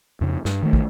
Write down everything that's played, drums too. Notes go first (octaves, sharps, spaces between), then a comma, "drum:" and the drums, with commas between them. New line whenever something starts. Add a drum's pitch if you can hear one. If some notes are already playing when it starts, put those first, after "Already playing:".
F2 C#3
G2 G3, drum: snare
D#3 A3
drum: kick